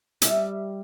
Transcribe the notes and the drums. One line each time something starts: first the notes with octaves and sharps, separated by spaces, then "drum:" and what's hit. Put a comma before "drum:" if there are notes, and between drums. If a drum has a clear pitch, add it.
G3 E5, drum: hi-hat